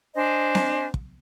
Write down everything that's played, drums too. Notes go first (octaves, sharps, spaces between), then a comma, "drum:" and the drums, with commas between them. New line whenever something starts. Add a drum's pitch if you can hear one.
D4 C5 D#5 G#5
drum: snare C4
drum: kick